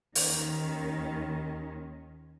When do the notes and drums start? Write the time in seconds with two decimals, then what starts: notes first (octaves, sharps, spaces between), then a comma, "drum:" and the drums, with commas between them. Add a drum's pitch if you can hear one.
0.15 D#2 D#3 C#4, drum: open hi-hat